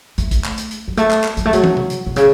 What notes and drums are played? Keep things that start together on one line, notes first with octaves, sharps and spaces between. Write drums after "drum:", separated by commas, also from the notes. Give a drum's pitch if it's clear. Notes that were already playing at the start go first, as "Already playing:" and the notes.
A3, drum: hi-hat
drum: kick, hi-hat
drum: clap
drum: hi-hat
drum: hi-hat
F#3
A3, drum: hi-hat
drum: clap
drum: clap
F#3, drum: hi-hat
A3
F#3, drum: hi-hat
drum: tom
drum: tom C3
drum: hi-hat
B2
C#3, drum: hi-hat